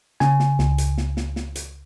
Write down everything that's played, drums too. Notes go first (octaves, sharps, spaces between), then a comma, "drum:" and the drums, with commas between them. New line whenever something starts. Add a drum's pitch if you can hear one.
C#3 G#5, drum: snare
drum: snare
C#2, drum: snare
drum: hi-hat
drum: snare
drum: snare
drum: snare
drum: hi-hat